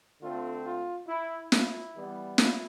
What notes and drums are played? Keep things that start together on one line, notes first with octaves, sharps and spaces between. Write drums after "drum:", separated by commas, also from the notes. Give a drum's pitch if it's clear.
D3 A3 C4 F4
F4
E4
E4, drum: snare
E3 G3 B3
E4, drum: snare